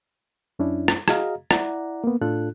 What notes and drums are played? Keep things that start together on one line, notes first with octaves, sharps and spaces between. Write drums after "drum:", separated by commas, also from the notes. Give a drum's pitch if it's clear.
F#2 C#4 D4 E4
drum: rim click
F#4 G#4 D#5 F5 A#5, drum: rim click
E4 D5 F#5 A#5, drum: rim click
A#3 B3
A2 D4 F4 A4 F#6